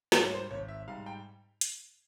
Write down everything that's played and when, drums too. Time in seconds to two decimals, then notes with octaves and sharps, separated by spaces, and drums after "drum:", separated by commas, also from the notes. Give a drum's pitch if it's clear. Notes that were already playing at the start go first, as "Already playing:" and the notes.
0.12 G#2 G3 A#3 C5, drum: snare
0.23 C#5
0.34 C5
0.51 G#1 C#5
0.68 E5
0.87 G#2 G3 F5
1.06 G5
1.61 drum: hi-hat